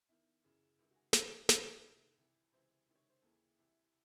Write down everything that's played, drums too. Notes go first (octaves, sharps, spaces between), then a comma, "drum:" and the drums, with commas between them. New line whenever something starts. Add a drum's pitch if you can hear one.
E2 D#3 E4
F#2 C#3 E3
C#2 C3 D#3
F#4
G#4
E2 C#3 E3 C#4, drum: snare
F#2 D#3, drum: snare
C2 C3 D#3 A4
C2 C3 E3
C#2 C3 E3 C5
C#2 C3 D#3
C#5
C5
D#2 C#3 E3 A4
C2 C3 E3